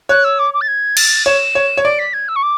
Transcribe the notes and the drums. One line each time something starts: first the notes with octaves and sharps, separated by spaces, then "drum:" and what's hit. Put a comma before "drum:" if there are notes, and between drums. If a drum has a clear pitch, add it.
C#5 F#6
E6
D6
D6
A6
G#6
A6, drum: cymbal
C#5 E7
C#5
C#5
D5 D7
B6
G#6
E6
C#6
D6